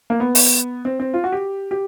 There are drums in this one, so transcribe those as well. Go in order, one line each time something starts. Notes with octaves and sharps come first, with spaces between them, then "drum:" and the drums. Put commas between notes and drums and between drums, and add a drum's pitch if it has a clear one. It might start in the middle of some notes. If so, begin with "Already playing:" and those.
A#3
B3
drum: open hi-hat
C4
C4
F4
F#4
G4
G4